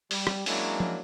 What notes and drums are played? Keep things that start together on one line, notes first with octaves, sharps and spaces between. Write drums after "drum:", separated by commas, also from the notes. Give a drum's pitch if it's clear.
G3, drum: open hi-hat
drum: rim click
F#3 G#3 A#3 C#4 D4 E4, drum: open hi-hat
drum: tom F3